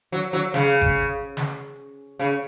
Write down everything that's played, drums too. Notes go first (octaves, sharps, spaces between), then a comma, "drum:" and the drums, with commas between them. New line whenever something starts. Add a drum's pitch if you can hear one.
F#3
F#3
C#3, drum: snare
drum: kick
drum: snare
C#3